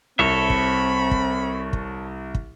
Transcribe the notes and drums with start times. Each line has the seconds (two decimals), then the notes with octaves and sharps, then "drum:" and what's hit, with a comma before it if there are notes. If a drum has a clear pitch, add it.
0.19 C2 C4 A4 C#5 E5 B5
0.50 drum: kick
1.11 drum: kick
1.73 drum: kick
2.35 drum: kick